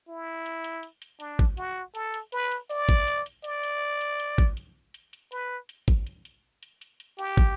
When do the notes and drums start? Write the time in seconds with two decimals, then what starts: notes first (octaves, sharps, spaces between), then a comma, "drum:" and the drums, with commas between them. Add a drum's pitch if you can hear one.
0.08 E4
0.46 drum: hi-hat
0.64 drum: hi-hat
0.83 drum: hi-hat
1.02 drum: hi-hat
1.20 D4, drum: hi-hat
1.39 drum: kick, hi-hat
1.57 F#4, drum: hi-hat
1.95 A4, drum: hi-hat
2.14 drum: hi-hat
2.32 B4, drum: hi-hat
2.51 drum: hi-hat
2.70 D5, drum: hi-hat
2.89 drum: kick, hi-hat
3.07 drum: hi-hat
3.26 drum: hi-hat
3.44 D5, drum: hi-hat
3.63 drum: hi-hat
4.01 drum: hi-hat
4.20 drum: hi-hat
4.38 drum: kick, hi-hat
4.57 drum: hi-hat
4.94 drum: hi-hat
5.13 drum: hi-hat
5.32 B4, drum: hi-hat
5.69 drum: hi-hat
5.88 drum: kick, hi-hat
6.07 drum: hi-hat
6.25 drum: hi-hat
6.63 drum: hi-hat
6.81 drum: hi-hat
7.00 drum: hi-hat
7.18 G4, drum: hi-hat
7.37 drum: kick, hi-hat